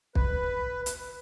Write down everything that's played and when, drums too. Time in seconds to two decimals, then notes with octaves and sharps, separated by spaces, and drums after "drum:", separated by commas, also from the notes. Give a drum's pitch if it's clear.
0.15 B4, drum: kick
0.86 drum: hi-hat